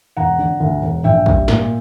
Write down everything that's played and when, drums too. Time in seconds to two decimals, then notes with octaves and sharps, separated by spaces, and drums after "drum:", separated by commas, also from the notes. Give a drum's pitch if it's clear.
0.17 E1 F#5 A#5
0.39 D3
0.60 D2
0.82 E1
1.04 A#1 E5 G5
1.26 G3, drum: kick
1.48 A#2, drum: snare